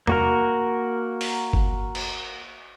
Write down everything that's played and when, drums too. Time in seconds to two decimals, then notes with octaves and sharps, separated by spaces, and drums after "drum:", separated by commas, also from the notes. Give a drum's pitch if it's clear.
0.07 A#3 F#4 A#4, drum: tom E2
1.21 drum: open hi-hat
1.53 drum: kick G1
1.95 drum: cymbal